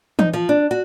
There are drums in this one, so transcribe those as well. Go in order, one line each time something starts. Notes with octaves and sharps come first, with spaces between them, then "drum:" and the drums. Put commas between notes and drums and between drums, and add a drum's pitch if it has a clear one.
D#4, drum: tom E3
F3
D4
F#4